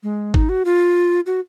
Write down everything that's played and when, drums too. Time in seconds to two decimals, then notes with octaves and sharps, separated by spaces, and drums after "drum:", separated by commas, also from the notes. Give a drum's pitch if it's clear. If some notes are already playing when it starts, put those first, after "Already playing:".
0.03 G#3
0.34 D#4, drum: kick
0.49 F#4
0.65 F4
1.26 F#4